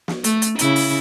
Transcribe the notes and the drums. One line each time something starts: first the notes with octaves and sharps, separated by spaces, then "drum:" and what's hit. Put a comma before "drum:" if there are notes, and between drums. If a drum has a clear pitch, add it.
drum: snare
A3, drum: hi-hat
drum: hi-hat
C#3 E4, drum: hi-hat
drum: open hi-hat